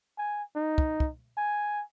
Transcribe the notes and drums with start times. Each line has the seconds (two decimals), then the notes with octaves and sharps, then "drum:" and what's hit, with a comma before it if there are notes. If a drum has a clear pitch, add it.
0.18 G#5
0.56 D#4
0.78 drum: kick
1.00 drum: kick
1.37 G#5